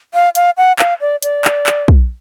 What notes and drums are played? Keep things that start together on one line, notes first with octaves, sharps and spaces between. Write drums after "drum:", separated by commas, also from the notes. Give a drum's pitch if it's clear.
F5
F5, drum: hi-hat
F#5
F5, drum: clap
D5
D5, drum: hi-hat
drum: clap
drum: clap
drum: kick